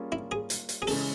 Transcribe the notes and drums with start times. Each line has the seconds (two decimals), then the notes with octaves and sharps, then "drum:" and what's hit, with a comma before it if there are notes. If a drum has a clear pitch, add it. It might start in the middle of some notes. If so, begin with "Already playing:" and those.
Already playing: G3 A#3 C#4 F4 G#4
0.12 E4
0.32 G#4
0.50 drum: hi-hat
0.69 drum: hi-hat
0.82 G#4
0.87 C#3 E3 G#3 C#4 A4, drum: open hi-hat